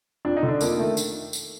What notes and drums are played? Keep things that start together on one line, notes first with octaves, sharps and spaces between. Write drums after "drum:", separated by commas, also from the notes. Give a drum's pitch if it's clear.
F2 D4
D#4
D3
D4
F2 A#3, drum: tambourine
D#3 A3
drum: tambourine
drum: tambourine